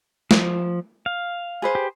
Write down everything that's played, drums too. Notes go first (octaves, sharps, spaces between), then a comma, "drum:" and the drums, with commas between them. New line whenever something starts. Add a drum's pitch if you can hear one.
F3, drum: snare
F5
G#4 B4 C5
G4